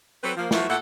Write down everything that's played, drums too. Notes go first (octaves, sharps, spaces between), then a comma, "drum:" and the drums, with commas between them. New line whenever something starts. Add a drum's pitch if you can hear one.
F#3 C4 A4 B4
F3 A#3
F3 F#3 A3 B3 E4 F#4, drum: snare
A#2 A3 E4 A4 F#5